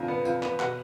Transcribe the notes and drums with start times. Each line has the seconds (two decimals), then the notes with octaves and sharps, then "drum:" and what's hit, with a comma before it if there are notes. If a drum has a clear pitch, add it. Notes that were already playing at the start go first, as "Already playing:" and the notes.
Already playing: F2 D3
0.08 B3
0.25 F2, drum: tambourine
0.43 B3, drum: clap
0.60 B2 F#5, drum: clap